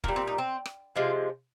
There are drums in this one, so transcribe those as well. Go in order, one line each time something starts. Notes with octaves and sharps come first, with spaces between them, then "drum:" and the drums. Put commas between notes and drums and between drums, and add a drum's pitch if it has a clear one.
A#2 G3 A#3, drum: kick
C4
D#4
C4
drum: rim click
C3 F3 G#3 F4